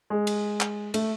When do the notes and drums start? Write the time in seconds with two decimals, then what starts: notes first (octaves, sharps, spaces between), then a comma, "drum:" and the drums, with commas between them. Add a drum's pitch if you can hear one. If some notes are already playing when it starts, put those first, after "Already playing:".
0.10 G#3
0.27 drum: cymbal
0.61 drum: clap
0.94 A3, drum: cymbal